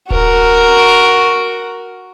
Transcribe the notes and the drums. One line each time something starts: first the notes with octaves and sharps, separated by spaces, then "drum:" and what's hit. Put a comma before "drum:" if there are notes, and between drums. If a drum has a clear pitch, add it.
F#4 A#4, drum: kick D1